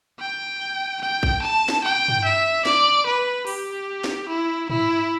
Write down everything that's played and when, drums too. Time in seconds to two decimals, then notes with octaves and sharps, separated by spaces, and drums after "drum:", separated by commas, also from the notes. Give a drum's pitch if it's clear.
0.20 G5
1.02 G5
1.23 drum: kick A#1
1.42 A5
1.69 drum: snare
1.84 G5
2.08 drum: tom G2
2.24 E5
2.65 D5, drum: snare
3.07 B4
3.47 G4, drum: open hi-hat
4.04 drum: snare
4.29 E4
4.70 E4, drum: tom G#2